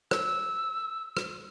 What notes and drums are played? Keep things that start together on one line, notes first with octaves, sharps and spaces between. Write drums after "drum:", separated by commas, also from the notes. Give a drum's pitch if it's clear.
E6, drum: rim click
drum: rim click